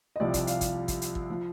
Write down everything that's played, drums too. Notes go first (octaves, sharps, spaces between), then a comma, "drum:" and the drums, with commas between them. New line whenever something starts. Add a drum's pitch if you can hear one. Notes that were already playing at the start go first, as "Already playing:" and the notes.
D#5
C2 C3 F3 D5
drum: kick, hi-hat
F5, drum: hi-hat
drum: kick, hi-hat
drum: kick, hi-hat
drum: hi-hat
drum: kick
F3